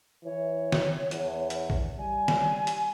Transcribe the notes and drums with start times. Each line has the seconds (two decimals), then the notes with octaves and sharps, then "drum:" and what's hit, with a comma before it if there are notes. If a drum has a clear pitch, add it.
0.24 E3 C#5
0.72 drum: snare
1.11 E2, drum: hi-hat
1.50 drum: hi-hat
1.70 drum: kick A#1
1.98 G3 G#5
2.28 drum: snare
2.67 drum: hi-hat